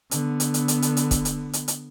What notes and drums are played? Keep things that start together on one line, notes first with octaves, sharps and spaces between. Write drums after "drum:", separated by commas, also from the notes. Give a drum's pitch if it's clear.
D3 B3, drum: hi-hat
drum: hi-hat
drum: hi-hat
drum: hi-hat
drum: hi-hat
drum: hi-hat
drum: kick, hi-hat
drum: hi-hat
drum: hi-hat
drum: hi-hat